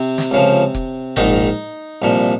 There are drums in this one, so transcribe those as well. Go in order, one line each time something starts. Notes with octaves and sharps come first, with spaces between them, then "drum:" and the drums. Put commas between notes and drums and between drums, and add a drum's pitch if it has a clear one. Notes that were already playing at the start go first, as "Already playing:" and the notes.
Already playing: C3 C4
drum: snare
C#2 C#3 F3
drum: kick F1
A#1 G#2 D#3 D#4, drum: tom F#1
C2 A#2 F3